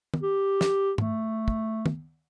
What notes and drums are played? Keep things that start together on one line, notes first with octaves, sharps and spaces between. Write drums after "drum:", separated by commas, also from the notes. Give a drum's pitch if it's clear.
drum: tom
G4
drum: snare
A3, drum: tom G#2
drum: kick
drum: tom